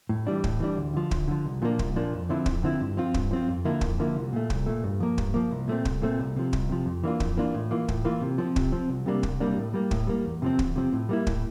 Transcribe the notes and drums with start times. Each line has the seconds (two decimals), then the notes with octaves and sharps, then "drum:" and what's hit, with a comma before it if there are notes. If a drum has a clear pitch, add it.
0.09 A2
0.27 E3 G3 D4
0.44 A2, drum: kick
0.60 E3 G3 D4
0.77 D2
0.94 D3 F3
1.11 D2, drum: kick
1.28 D3 F3
1.45 C2
1.62 A#2 F3 A#3 D4
1.79 C2, drum: kick
1.96 A#2 F3 A#3 D4
2.13 F2
2.29 D3 F3 C4 E4
2.46 F2, drum: kick
2.63 D3 F3 C4 E4
2.81 G2
2.97 F3 C4 F4
3.14 G2, drum: kick
3.31 F3 C4 F4
3.48 F2
3.65 D3 F3 A#3 E4
3.81 F2, drum: kick
3.99 D3 F3 A#3 E4
4.16 C2
4.33 A#2 A3
4.50 C2, drum: kick
4.66 A#2 A3
4.84 G2
5.00 F3 A#3
5.18 G2, drum: kick
5.34 F3 A#3
5.51 C2
5.68 A#2 A3 C4
5.85 C2, drum: kick
6.02 A#2 A3 C4
6.19 C2
6.36 C3 F3
6.53 C2, drum: kick
6.69 C3 F3
6.86 F2
7.04 E3 A#3 D4 F4
7.20 F2, drum: kick
7.37 E3 A#3 D4 F4
7.54 A2
7.71 E3 A#3 F4
7.88 A2, drum: kick
8.05 E3 A#3 F4
8.21 C3
8.38 F3 C4
8.56 C3, drum: kick
8.72 F3 C4
8.89 C2
9.06 C3 G3 A#3 D4
9.23 C2, drum: kick
9.40 C3 G3 A#3 D4
9.57 A2
9.74 G3 A#3
9.91 A2, drum: kick
10.07 G3 A#3
10.25 E2
10.42 C3 F3 C4
10.59 E2, drum: kick
10.76 C3 F3 C4
10.93 A2
11.09 G3 A#3 E4
11.27 A2, drum: kick